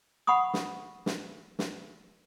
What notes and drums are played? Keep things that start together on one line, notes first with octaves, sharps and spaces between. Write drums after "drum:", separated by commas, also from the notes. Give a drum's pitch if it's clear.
F#5 B5 C#6 D#6
drum: snare
drum: snare
drum: snare